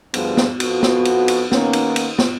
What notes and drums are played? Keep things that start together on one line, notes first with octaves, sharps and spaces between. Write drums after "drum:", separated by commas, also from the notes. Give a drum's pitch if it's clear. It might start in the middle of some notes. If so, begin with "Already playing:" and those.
D2 G2 F3 B3 G#4, drum: cymbal
drum: snare
F2 B3 F#4, drum: cymbal
drum: snare
drum: cymbal
drum: cymbal
D#3 A#3 B3 C#4, drum: snare
drum: cymbal
drum: cymbal
drum: snare